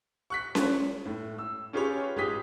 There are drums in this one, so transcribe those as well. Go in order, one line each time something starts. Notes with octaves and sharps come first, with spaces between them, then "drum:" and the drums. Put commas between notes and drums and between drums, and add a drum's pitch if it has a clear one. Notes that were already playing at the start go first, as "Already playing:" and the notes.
C#6 F#6 B6
drum: snare C#4
A2
E6
C#4 F4 G4 G#4 B4 C#5
A1 G#3 G4 D#6 B6